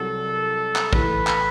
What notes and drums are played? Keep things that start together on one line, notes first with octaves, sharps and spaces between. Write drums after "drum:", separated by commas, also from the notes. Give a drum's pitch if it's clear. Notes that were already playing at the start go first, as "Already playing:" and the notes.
Already playing: C2 C3 F#3 A4
drum: clap
A2 E3 A3 B4, drum: kick
drum: clap